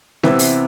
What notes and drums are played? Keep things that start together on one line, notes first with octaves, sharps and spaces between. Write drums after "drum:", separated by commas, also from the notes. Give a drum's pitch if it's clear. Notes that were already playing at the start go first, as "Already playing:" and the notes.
C3 E3 B3 C4 E4, drum: snare G#3
drum: open hi-hat